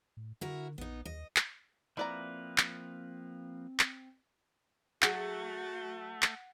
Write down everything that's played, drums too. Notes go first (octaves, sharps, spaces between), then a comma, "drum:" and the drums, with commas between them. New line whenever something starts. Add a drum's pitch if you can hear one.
A2
D3 E4 F#4 A#4
A#1 B3 D#4
D#2 D#5
drum: clap
F3 A#3 C4 E4 B4 D5 A#5
drum: clap
drum: clap
F#3 A3 F#4 G#4 F#5, drum: clap
drum: clap